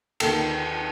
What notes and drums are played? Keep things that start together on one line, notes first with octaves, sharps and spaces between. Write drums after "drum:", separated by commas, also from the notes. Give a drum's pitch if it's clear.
D#2 D#3 A4, drum: cymbal